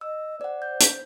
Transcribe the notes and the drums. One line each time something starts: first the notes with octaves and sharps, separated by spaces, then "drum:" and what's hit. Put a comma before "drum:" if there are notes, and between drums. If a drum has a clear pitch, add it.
D#5 E6
C5 D5 F#5
G6
drum: hi-hat